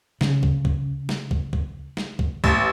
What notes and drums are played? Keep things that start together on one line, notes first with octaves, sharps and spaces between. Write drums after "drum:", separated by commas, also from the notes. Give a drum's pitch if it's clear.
C#3, drum: snare
drum: kick
drum: kick
drum: snare
drum: kick
drum: kick
drum: snare
drum: kick
A1, drum: kick